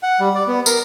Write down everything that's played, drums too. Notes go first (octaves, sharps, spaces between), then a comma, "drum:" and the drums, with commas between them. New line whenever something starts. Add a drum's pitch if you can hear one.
F#5
G3
D5
B3
A#4, drum: tambourine